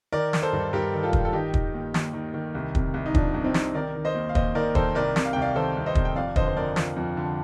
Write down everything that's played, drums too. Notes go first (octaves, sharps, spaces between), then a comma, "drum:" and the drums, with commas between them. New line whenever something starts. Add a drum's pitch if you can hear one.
D#3 A#4 D5
D#3, drum: snare
A4 C5
G2
G2 G4 A#4
D#3
F4 A4
D#3, drum: kick
A4
D#3 D#4 G4
D#3, drum: kick
D#2
D#2, drum: snare
D#3
D#3
C2
C3, drum: kick
C2
D#4
F3 D4, drum: kick
C2
C4 D#4
C3, drum: snare
D#3 A#4 D5
D#3
C5 D#5
D#2
F5
D#2 C5 D#5, drum: kick
D#3 A#4 D5
D#3 A4 C5, drum: kick
C2 A#4 D5
C3, drum: snare
F5
G5
C2
D5 F5
D#3 A4 C5
C2
C5 D#5
C3, drum: kick
G5
F2 D5 F5
D3 C5 D#5, drum: kick
C5
F2 A#4 D5
F3, drum: snare
F2
D3